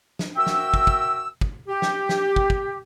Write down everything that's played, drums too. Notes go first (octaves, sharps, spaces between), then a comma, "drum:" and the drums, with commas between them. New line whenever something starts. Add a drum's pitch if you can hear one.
drum: snare
F#4 A#4 E5 G5 E6
drum: snare
drum: kick
drum: kick
drum: kick
G4
drum: snare
drum: snare
drum: kick
drum: kick